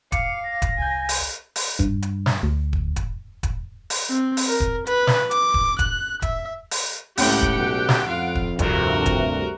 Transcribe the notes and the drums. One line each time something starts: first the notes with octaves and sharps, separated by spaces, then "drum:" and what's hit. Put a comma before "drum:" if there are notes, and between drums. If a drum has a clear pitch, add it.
F5 D6 C#7, drum: kick D#1, hi-hat
A#6
drum: kick D#1, hi-hat
C2 G#5 G6
drum: open hi-hat
drum: open hi-hat
G2, drum: kick D#1
drum: hi-hat
drum: snare
D2
drum: kick D#1
drum: kick D#1, hi-hat
drum: kick D#1, hi-hat
drum: open hi-hat
C4
drum: open hi-hat
A#4
drum: kick D#1
B4, drum: hi-hat
drum: snare
D6, drum: hi-hat
drum: kick D#1
F#6, drum: kick D#1, hi-hat
E5, drum: kick D#1, hi-hat
drum: open hi-hat
C#2 A2 G4 F#5 G5 D7, drum: open hi-hat
drum: kick D#1
B1
drum: snare
F2 F4 F5
drum: kick D#1
D2 G2 C3 F#4 A#4, drum: kick D#1, hi-hat
drum: kick D#1, hi-hat